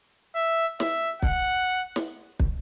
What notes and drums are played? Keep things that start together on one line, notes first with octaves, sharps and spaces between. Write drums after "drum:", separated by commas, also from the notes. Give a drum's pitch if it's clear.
E5
E5, drum: snare
F#5, drum: kick
drum: snare
drum: kick